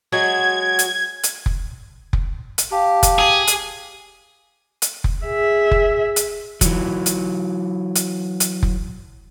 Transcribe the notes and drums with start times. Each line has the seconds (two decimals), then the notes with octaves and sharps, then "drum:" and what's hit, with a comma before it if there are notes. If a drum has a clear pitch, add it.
0.12 F#3 G#3 F#4 G#6
0.79 drum: hi-hat
1.23 drum: hi-hat
1.46 drum: kick F1
2.13 drum: kick F1
2.58 drum: hi-hat
2.71 G4 F5 A5
3.03 drum: kick F1, hi-hat
3.19 G#4
3.47 drum: hi-hat
4.82 drum: hi-hat
5.04 drum: kick F1
5.25 G#4 E5
5.71 drum: kick F1
6.16 drum: hi-hat
6.61 E3 F#3, drum: kick F1, hi-hat
7.06 drum: hi-hat
7.95 drum: hi-hat
8.40 drum: hi-hat
8.63 drum: kick F1